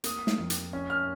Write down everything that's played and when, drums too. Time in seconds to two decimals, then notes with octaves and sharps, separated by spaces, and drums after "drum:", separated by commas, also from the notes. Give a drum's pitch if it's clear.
0.04 A#3 D#6, drum: hi-hat
0.27 drum: snare
0.38 F2
0.50 drum: hi-hat
0.73 C#4
0.90 F6